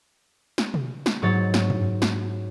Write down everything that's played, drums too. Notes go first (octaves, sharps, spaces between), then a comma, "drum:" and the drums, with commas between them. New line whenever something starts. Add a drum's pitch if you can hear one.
drum: snare
drum: tom B2
drum: snare
G#2 F#3 C#5 A6
drum: snare
drum: tom F#2
drum: snare